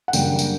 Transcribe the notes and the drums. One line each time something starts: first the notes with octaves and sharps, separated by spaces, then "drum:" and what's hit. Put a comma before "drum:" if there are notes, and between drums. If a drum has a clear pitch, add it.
F#5
F#2 C#3 G3 A#3 D4 G5, drum: tambourine
drum: tambourine